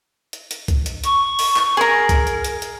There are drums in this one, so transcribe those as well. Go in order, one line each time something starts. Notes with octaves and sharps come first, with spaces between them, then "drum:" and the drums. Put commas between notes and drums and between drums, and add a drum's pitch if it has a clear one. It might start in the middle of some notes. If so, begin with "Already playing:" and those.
drum: hi-hat
drum: hi-hat
drum: kick, hi-hat
drum: hi-hat
C#6, drum: hi-hat
drum: open hi-hat
drum: clap
G#4 A#4 A#5
drum: kick, hi-hat
drum: hi-hat
drum: hi-hat
drum: hi-hat